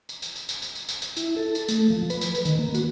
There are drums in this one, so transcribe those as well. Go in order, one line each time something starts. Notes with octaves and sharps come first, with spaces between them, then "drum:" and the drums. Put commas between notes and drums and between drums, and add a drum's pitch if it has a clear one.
drum: tambourine
drum: tambourine
drum: tambourine
drum: tambourine
drum: tambourine
drum: tambourine
drum: tambourine
drum: tambourine
E4, drum: tambourine
A4
drum: tambourine
A3, drum: tambourine
F3
B4, drum: tambourine
drum: tambourine
drum: tambourine
D#3, drum: tambourine
A#3
F#4, drum: tambourine